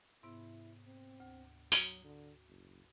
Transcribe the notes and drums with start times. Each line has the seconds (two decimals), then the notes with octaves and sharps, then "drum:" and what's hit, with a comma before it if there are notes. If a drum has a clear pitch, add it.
0.23 G#2 C3 B3 E4
0.86 C4
1.20 D2
1.72 F#3 F#4 A#5 D#6, drum: open hi-hat
2.04 D3
2.49 F#1